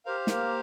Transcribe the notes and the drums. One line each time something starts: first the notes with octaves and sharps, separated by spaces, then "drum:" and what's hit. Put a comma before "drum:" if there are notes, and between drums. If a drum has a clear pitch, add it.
G4 A#4 C5 F5
A#3 A#4, drum: snare